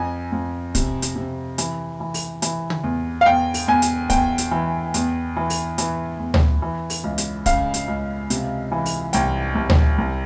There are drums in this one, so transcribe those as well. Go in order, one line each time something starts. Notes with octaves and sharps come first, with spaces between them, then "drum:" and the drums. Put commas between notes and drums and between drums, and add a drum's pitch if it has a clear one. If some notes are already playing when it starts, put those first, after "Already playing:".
Already playing: F2 G#5
F2
C3, drum: kick, hi-hat
drum: hi-hat
C3
E3, drum: hi-hat
E3
drum: open hi-hat
E3, drum: hi-hat
drum: tom
E2
F5
E2 G5
drum: open hi-hat
E2 G#5
drum: hi-hat
E2 G5, drum: kick, hi-hat
drum: hi-hat
E3
E2, drum: hi-hat
E3
drum: open hi-hat
E3, drum: hi-hat
E2
drum: tom D2
E3
drum: open hi-hat
C#2
drum: hi-hat
C#3 F5, drum: kick, hi-hat
drum: hi-hat
C#2
C3, drum: hi-hat
E3
drum: open hi-hat
C2 G5, drum: hi-hat
C2
drum: tom D2
C2